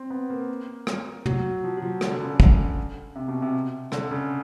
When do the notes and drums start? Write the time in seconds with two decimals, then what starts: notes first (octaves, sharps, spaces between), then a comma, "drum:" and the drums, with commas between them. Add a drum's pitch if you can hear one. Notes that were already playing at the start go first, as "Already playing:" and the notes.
Already playing: C4
0.10 B3
0.30 A#3
0.87 drum: rim click
1.26 F#3, drum: tom
1.64 F3
1.77 F#3
1.82 F3
2.01 D3, drum: rim click
2.11 D3
2.20 C#3
2.40 drum: kick
3.16 C3
3.28 B2
3.42 C3
3.92 D3, drum: rim click
4.11 C#3